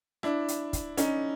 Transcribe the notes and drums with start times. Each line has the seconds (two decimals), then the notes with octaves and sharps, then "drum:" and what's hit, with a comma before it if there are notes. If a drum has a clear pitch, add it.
0.23 D4 E4, drum: rim click
0.48 drum: hi-hat
0.73 drum: kick, hi-hat
0.97 C#4 D#4, drum: hi-hat